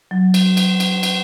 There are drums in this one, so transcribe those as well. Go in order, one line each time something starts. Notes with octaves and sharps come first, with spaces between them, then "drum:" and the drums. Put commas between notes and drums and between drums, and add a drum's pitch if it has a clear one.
F#3
drum: cymbal
drum: cymbal
drum: cymbal
drum: cymbal